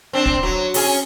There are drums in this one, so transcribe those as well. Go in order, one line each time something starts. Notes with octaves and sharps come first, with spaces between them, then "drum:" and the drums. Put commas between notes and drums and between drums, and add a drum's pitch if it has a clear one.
C4 D4
drum: kick
F#3
C#4 G#4, drum: open hi-hat